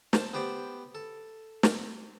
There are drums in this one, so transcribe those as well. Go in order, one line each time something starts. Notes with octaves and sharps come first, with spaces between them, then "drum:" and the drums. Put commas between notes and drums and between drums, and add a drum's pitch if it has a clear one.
C5 A5, drum: snare
B3 G4 C5 D5
A4
drum: snare